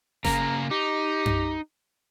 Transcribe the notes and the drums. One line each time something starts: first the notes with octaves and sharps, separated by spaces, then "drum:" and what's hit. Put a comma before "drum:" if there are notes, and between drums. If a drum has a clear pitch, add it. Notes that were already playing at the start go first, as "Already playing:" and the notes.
C#3 A#3 A#4, drum: snare F#1
D#4 G4
drum: tom F#2